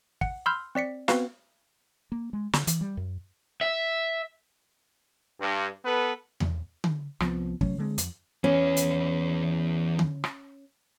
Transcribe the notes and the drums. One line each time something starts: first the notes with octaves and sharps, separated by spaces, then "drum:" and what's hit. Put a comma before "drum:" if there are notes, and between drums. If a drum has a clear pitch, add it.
F#5, drum: kick
B5 C6 E6 F6 G6
C4 D5 B6 C#7
B3 C4 F#4 B4 F5, drum: snare
A#3
G#3
D3, drum: snare
E3, drum: hi-hat
G3
F#2
E5
G2
B3 A4 B4
drum: tom E2
drum: tom D3
C2 F3 B3 C4, drum: rim click
C3 F#3 A3 C#4, drum: kick
D3 G#3 C4
F2, drum: hi-hat
E2 C#4 B4
drum: hi-hat
drum: tom D3
drum: rim click